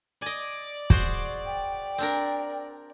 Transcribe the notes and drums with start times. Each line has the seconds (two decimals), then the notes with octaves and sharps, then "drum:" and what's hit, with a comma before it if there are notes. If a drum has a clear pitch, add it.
0.22 D5 D#5 G#5
0.90 F#4 G#4 C5, drum: kick
1.46 G5
1.98 C4 D4 A#4